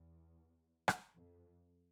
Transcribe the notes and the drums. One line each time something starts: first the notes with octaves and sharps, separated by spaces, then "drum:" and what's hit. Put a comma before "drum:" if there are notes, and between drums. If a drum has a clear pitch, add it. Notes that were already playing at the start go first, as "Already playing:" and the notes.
Already playing: E2
drum: rim click
F2